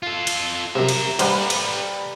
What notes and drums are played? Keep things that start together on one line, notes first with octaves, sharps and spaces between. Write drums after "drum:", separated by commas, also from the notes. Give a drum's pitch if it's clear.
F4 A4
drum: cymbal
F#2 C3 A#4 E5
drum: cymbal
G2 G3 A4 B4 C5 F5 F#5 A#5, drum: cymbal
drum: cymbal